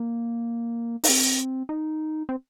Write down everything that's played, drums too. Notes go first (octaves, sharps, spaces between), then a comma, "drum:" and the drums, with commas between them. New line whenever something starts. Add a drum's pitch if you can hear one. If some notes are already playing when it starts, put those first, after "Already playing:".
Already playing: A#3
D#4, drum: open hi-hat
C4
D#4
C4